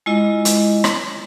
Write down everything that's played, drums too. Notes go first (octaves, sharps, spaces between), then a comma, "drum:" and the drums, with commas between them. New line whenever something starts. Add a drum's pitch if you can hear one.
G#3 E4 F4 D#5
drum: hi-hat
drum: rim click